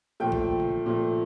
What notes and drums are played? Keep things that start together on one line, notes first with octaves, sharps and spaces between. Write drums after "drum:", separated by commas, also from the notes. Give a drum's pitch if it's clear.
A#2 F3 A3 G5
drum: kick A#1
drum: tom C3
A#2 F3 A3